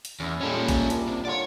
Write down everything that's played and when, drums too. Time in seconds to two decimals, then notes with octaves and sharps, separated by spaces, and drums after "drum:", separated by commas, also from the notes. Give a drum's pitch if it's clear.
0.05 drum: hi-hat
0.20 E2 C#4 E4
0.41 A#2 G3 G#3 C#4 A4
0.68 C#5 G#5, drum: kick A1, hi-hat
0.90 G3 D4 A#4, drum: hi-hat
1.08 C3
1.25 D3 F4 C#5 D5